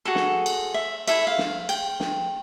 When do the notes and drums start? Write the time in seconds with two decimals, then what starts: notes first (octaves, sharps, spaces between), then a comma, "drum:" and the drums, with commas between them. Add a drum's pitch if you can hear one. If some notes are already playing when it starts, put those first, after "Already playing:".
0.05 F#4 G#4 A4
0.15 drum: snare
0.46 drum: cymbal
0.74 E5
1.08 E4 A4 E5, drum: cymbal
1.27 F5
1.38 drum: snare
1.69 G5, drum: cymbal
2.00 drum: snare